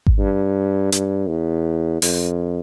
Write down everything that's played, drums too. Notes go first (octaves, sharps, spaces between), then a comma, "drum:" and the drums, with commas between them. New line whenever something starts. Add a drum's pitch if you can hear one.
drum: kick G#1
G2
G2, drum: hi-hat
E2
F2, drum: open hi-hat